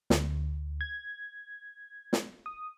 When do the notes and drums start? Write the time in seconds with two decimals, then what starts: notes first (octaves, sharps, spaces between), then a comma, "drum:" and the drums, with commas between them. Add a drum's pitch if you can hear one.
0.10 D2, drum: snare
0.81 G#6
2.13 drum: snare
2.46 D#6